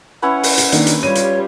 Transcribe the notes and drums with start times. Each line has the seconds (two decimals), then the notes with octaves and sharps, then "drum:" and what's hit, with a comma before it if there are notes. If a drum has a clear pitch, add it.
0.22 C#4 E4 B4 F#5
0.43 drum: open hi-hat
0.58 drum: hi-hat
0.72 D#3 A#3 D4, drum: hi-hat
0.87 drum: hi-hat
1.03 G3 F4 C#5 D#7
1.15 drum: hi-hat